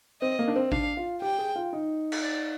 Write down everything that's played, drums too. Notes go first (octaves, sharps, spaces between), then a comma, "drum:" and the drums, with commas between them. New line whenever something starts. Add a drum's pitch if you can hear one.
C4 D#5
A#3
D4
C4
D4 F5, drum: kick A1
F4
G4 G5
G#4
F4
D#4
drum: cymbal
D5